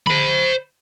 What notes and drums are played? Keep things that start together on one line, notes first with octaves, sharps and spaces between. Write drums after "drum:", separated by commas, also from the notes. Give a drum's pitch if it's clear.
C5 B5, drum: tom D3